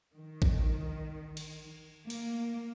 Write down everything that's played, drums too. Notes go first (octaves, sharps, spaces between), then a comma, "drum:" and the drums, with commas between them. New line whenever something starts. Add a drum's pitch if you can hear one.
D#3
drum: kick A1
drum: cymbal
A#3, drum: cymbal